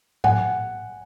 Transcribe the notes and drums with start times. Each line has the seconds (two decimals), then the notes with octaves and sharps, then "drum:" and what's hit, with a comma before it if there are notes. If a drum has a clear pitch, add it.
0.24 F#5 G#5, drum: tom G#2